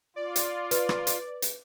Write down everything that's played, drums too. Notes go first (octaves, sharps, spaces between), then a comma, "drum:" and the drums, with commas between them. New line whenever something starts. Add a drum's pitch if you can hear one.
F4 D5
drum: hi-hat
B4, drum: hi-hat
drum: rim click
drum: hi-hat
drum: hi-hat